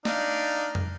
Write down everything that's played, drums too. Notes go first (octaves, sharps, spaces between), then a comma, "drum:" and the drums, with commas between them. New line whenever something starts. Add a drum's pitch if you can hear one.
D4 D#4 F5, drum: snare
drum: tom F2